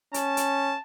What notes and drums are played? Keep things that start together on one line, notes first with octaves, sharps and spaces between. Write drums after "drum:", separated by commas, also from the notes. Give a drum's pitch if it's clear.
C#4 A5, drum: hi-hat
drum: hi-hat